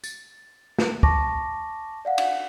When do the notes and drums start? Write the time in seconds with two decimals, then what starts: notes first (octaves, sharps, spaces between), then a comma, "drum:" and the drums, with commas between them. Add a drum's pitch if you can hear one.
0.04 A6, drum: tambourine
0.79 drum: snare
1.03 A5 C#6 D6 A#6, drum: kick
2.05 D5 F5 F#5
2.18 drum: cymbal